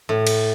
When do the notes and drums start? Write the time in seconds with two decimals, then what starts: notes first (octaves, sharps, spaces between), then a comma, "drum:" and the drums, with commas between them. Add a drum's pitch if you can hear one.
0.09 A2
0.27 drum: cymbal